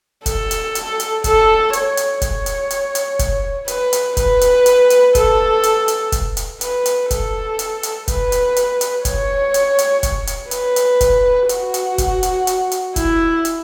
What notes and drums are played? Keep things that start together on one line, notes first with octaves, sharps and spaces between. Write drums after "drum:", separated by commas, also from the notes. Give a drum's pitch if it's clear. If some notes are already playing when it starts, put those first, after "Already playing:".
A4, drum: kick, hi-hat
drum: hi-hat
drum: hi-hat
drum: hi-hat
A4, drum: kick, hi-hat
C#5, drum: hi-hat
drum: hi-hat
C#5, drum: kick, hi-hat
drum: hi-hat
drum: hi-hat
drum: hi-hat
drum: kick, hi-hat
B4, drum: hi-hat
drum: hi-hat
B4, drum: kick, hi-hat
drum: hi-hat
drum: hi-hat
drum: hi-hat
A4, drum: kick, hi-hat
drum: hi-hat
drum: hi-hat
drum: kick, hi-hat
drum: hi-hat
B4, drum: hi-hat
drum: hi-hat
A4, drum: kick, hi-hat
drum: hi-hat
drum: hi-hat
B4, drum: kick, hi-hat
drum: hi-hat
drum: hi-hat
drum: hi-hat
C#5, drum: kick, hi-hat
drum: hi-hat
drum: hi-hat
drum: kick, hi-hat
drum: hi-hat
B4, drum: hi-hat
drum: hi-hat
drum: kick, hi-hat
F#4, drum: hi-hat
drum: hi-hat
drum: kick, hi-hat
drum: hi-hat
drum: hi-hat
drum: hi-hat
E4, drum: kick, hi-hat
drum: hi-hat